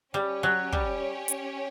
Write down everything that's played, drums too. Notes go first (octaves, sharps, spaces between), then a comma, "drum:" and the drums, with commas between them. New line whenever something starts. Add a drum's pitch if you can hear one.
G3 C#4 G4 C#5
F#3
G3, drum: kick
drum: hi-hat